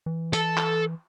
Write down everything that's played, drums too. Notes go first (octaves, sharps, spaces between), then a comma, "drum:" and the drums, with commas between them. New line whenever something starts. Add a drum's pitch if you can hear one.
E3
A4, drum: hi-hat
drum: clap